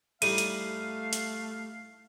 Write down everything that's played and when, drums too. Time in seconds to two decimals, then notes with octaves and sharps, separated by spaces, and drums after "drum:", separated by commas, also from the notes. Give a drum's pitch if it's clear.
0.22 A2 G3 A3 D#4 F5 D#7, drum: cymbal
0.38 drum: hi-hat
1.13 drum: hi-hat